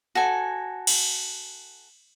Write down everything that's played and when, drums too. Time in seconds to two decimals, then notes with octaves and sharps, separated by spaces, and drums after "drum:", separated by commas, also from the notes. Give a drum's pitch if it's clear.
0.15 F#4 A4 G#5
0.87 drum: cymbal